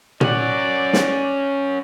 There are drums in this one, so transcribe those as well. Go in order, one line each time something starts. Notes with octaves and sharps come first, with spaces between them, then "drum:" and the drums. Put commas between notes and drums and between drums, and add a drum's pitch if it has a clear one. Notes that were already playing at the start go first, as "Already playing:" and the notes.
C#4 D5 F#5, drum: tom A#2
drum: snare